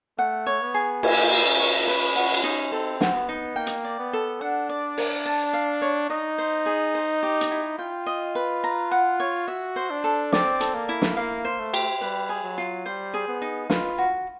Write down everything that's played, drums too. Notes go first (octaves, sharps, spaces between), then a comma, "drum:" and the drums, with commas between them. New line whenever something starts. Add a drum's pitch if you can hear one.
A3 F#5
C#5
B3
G#4
A#3 G#5, drum: cymbal
F5
C#4
C#5
B4
F#4
drum: cymbal
D#4
C4 A4
F#4, drum: snare
B3
D#4
A#3 G5
drum: hi-hat
D5
B3
A4
D4 F#5
D5
A#4, drum: open hi-hat
A5
F5
C#5
D#4 D#5
C5
G#4
C5
G4
drum: hi-hat
E4
F4 G5
D#5
B4
A#5
F#5
C#5
F#4 E5
C5
D4
A4
C4 D5, drum: snare
A4, drum: hi-hat
A#3
E4
drum: snare
A#3 F5
C5
A3
G4, drum: cymbal
G3 B4
G#4
F#3
F4
G3 C5
G#4
B3
D#4
F4 B4, drum: snare
F#4